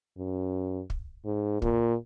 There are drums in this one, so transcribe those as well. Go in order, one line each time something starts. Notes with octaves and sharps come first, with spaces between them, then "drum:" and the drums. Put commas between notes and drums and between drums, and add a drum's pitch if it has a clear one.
F#2
drum: kick
G#2
A#2, drum: kick